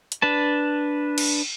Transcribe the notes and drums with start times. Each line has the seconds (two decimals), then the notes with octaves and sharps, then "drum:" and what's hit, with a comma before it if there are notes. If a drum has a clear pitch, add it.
0.12 drum: hi-hat
0.22 D4 B4 A5
1.18 drum: cymbal